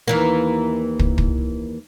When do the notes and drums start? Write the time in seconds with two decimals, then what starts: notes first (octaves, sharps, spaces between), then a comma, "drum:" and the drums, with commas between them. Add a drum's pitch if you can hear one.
0.08 D#2 E3 A#3
0.99 drum: kick
1.18 drum: kick